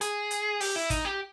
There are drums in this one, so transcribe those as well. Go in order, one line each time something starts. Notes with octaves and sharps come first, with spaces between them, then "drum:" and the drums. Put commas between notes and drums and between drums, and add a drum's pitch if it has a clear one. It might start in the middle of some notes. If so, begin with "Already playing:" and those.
G#4, drum: hi-hat
drum: hi-hat
G4, drum: open hi-hat
E4
D#4, drum: kick, hi-hat
G4